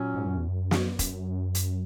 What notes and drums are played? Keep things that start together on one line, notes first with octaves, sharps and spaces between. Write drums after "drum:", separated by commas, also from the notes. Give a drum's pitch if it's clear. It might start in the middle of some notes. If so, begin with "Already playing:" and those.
Already playing: A#2 F#3 C#4 F#4
G#2
F#2
E2
F#2
drum: snare
drum: kick E1, hi-hat
drum: hi-hat